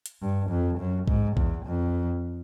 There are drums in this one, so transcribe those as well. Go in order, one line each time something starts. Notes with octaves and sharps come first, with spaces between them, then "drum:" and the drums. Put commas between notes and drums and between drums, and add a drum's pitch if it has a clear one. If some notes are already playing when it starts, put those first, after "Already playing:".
drum: hi-hat
G2
F2
F#2
G#2, drum: kick A#1
E2, drum: kick A#1
F2